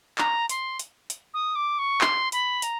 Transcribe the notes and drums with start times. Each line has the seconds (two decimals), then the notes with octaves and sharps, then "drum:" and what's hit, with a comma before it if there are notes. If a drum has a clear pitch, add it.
0.18 A#5, drum: clap
0.49 C6, drum: hi-hat
0.79 drum: hi-hat
1.10 drum: hi-hat
1.33 D#6
1.55 D6
1.78 C#6
2.01 C6, drum: clap
2.32 B5, drum: hi-hat
2.62 A#5, drum: hi-hat